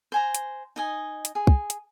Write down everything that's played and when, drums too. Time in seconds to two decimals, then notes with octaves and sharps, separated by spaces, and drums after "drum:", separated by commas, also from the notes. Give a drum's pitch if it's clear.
0.12 C5 G#5 A#5
0.35 drum: hi-hat
0.76 D#4 D#5 G#5
1.25 drum: hi-hat
1.35 G#4
1.47 drum: kick
1.70 drum: hi-hat